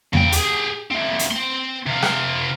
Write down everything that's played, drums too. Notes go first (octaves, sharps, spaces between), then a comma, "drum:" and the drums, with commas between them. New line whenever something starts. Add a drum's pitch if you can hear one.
C#3 G5, drum: tom E2
G4 G#4, drum: hi-hat
A3 C4
drum: hi-hat
C4 C6
C3 F4
drum: rim click